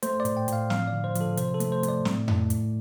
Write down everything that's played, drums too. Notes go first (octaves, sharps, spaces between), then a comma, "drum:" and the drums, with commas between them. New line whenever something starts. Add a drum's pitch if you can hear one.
A3 C5, drum: hi-hat
D5
A2, drum: hi-hat
G5
A2 F5, drum: hi-hat
F3 F5, drum: snare
D5
D3
C5
F3, drum: hi-hat
A4
C3 C5, drum: hi-hat
A4
A3, drum: hi-hat
C5
A3, drum: hi-hat
D5
A2, drum: snare
A2, drum: tom F2
A2, drum: hi-hat